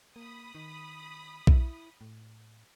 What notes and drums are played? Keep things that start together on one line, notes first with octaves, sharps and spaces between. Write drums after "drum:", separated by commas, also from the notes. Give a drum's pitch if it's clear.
A#3 B5 D#6
D#3
E4, drum: kick B1
A2